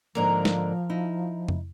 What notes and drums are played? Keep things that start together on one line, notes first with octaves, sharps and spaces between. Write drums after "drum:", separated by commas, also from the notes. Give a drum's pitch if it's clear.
G#2 D3 F3 A#3 A#4
drum: snare
D#4 E4
drum: tom F2